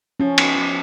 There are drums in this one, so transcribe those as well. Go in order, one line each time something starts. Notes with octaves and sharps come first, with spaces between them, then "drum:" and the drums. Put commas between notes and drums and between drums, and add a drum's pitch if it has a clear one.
F3 C#4
B3 D#4 F#4, drum: cymbal
F3